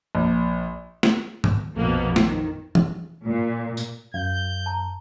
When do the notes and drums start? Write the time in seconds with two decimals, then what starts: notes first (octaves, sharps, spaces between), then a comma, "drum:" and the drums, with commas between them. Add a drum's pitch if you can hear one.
0.15 A#1
1.03 drum: snare
1.44 drum: tom G2
1.75 A#1 F2 B2 A#3 B3
2.16 F2 D#3, drum: snare
2.75 drum: tom E3
3.26 A#2
3.77 drum: tambourine
4.14 F#2 F5 G6
4.66 A5 A#5